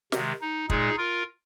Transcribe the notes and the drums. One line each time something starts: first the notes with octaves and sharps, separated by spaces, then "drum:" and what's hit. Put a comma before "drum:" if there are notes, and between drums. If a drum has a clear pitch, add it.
C3 D#3 G#3, drum: snare
D#4
A#2 G#3 D#4 G#4, drum: kick
F4 A#4